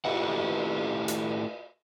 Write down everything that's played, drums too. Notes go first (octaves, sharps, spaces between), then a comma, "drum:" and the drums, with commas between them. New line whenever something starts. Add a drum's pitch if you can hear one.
A3 E4 G4 F#5, drum: cymbal
drum: hi-hat